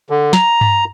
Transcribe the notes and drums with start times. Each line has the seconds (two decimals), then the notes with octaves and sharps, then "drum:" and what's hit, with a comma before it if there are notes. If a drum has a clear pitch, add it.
0.10 D3
0.33 A#5, drum: snare
0.61 drum: tom G2